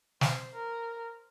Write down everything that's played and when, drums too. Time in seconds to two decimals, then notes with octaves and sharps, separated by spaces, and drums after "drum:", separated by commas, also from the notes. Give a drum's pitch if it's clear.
0.21 C5, drum: snare
0.54 A#4